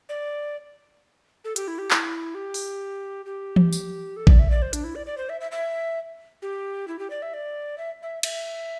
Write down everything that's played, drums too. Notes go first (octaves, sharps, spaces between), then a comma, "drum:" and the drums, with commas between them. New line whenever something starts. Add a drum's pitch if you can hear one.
D5
A4
G4, drum: hi-hat
E4
G4
E4, drum: clap
G4
drum: open hi-hat
G4
drum: tom E3
drum: tambourine
A4
D5, drum: kick A#1
E5
D5
C5
D4, drum: hi-hat
E4
D5
D5
C5
E5
E5
E5
G4
E4
G4
D5
E5
D5
E5
E5
E5, drum: cymbal